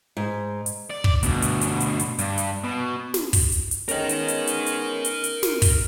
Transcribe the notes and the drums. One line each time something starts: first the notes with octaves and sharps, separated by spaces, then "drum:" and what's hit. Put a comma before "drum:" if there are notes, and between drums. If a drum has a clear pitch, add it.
G#2
drum: hi-hat
D5
drum: kick
D2 B2, drum: hi-hat
drum: hi-hat
drum: hi-hat
drum: hi-hat
drum: hi-hat
G2, drum: hi-hat
drum: hi-hat
B2
drum: snare
drum: kick, open hi-hat
drum: hi-hat
drum: hi-hat
G#3 B3 C#4 A#4 D#5, drum: hi-hat
drum: hi-hat
drum: hi-hat
drum: hi-hat
drum: hi-hat
drum: hi-hat
drum: hi-hat
drum: snare
drum: kick, open hi-hat